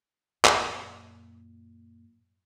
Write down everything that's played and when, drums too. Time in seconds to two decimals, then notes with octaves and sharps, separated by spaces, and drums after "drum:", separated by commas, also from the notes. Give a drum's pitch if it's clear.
0.45 F#2 A#2, drum: clap